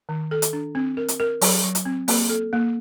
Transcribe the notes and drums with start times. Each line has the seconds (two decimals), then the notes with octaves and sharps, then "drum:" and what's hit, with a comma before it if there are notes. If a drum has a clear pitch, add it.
0.09 D#3
0.31 A4
0.42 drum: hi-hat
0.53 D4
0.75 C4
0.97 A#4
1.08 drum: hi-hat
1.20 A#4
1.41 F#3, drum: open hi-hat
1.64 F#3
1.75 drum: hi-hat
1.85 C4
2.08 A#3, drum: open hi-hat
2.29 A4
2.53 A#3